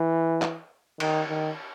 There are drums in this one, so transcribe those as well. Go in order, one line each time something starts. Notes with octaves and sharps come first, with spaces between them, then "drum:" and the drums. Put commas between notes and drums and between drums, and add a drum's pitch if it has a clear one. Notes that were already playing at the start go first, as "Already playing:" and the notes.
Already playing: E3
drum: clap
D#3, drum: cymbal
D#3